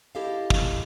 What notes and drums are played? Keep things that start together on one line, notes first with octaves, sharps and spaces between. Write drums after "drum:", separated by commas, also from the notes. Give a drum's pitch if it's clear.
E4 G4 A4 D#5 F5
drum: kick